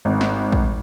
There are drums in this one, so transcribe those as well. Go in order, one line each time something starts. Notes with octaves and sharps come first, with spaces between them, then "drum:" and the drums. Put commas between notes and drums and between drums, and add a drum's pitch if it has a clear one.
G#1
drum: snare
drum: kick